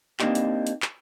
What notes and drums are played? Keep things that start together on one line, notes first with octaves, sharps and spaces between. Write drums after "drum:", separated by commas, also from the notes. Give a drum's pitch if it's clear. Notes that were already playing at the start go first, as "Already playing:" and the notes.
A#3 C4 D4 D#4 G4, drum: clap
drum: hi-hat
drum: hi-hat
drum: clap